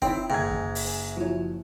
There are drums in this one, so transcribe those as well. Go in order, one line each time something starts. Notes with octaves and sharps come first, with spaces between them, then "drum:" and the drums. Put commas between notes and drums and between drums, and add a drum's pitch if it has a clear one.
C4 D#4 E4 C#5 G5, drum: kick
F#1 G#2 E5 G5 G#5 G#6
drum: kick
drum: open hi-hat
F3 E4 F#4 C#5